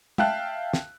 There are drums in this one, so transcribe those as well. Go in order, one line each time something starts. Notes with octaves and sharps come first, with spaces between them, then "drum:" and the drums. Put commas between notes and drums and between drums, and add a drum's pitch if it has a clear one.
E5 F5 G5 A5 F#6, drum: tom
drum: snare